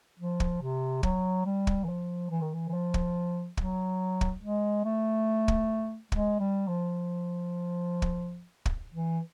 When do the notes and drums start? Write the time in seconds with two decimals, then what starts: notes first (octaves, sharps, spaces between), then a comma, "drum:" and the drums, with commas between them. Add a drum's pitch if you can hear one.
0.19 F3
0.40 drum: kick
0.61 C3
1.03 F#3, drum: kick
1.45 G3
1.67 drum: kick
1.84 E3
1.89 F3
2.31 E3
2.41 D#3
2.53 E3
2.69 E3
2.73 F3
2.94 drum: kick
3.57 F#3, drum: kick
4.21 drum: kick
4.42 G#3
4.84 A3
5.48 drum: kick
6.12 G#3, drum: kick
6.39 G3
6.68 F3
8.02 drum: kick
8.66 drum: kick
8.94 E3